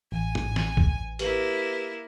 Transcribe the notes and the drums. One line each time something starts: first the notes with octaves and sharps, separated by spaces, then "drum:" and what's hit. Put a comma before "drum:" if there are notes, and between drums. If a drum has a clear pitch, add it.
A1 G#5
drum: tom G#2
drum: snare
drum: kick
A#3 E4 G4 B4 F#7, drum: hi-hat